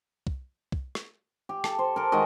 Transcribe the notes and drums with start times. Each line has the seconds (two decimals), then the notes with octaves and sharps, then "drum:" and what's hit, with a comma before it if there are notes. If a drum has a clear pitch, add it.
0.27 drum: kick
0.72 drum: kick
0.95 drum: rim click
1.49 G4
1.64 A4, drum: rim click
1.79 C5
1.96 A4 A#4
2.12 D#3 G#3 F#4 D#5